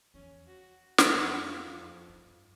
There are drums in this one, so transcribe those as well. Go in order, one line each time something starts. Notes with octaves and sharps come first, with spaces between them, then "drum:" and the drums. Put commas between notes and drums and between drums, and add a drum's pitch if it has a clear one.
E2 C#4
F#4
E2, drum: snare
F2 F#4
F4
E2
F2
G2